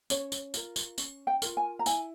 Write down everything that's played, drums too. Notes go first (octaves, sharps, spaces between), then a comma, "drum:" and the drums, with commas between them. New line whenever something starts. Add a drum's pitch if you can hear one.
C#4 C#5, drum: tambourine
drum: tambourine
F4 A#4, drum: tambourine
drum: tambourine
C#4, drum: tambourine
G5
F4 A#4, drum: tambourine
G#5
A#5
E4 G#5, drum: tambourine